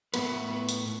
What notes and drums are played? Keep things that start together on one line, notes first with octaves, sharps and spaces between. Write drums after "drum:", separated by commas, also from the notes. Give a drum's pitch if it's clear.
A2 B3 B4, drum: cymbal
drum: hi-hat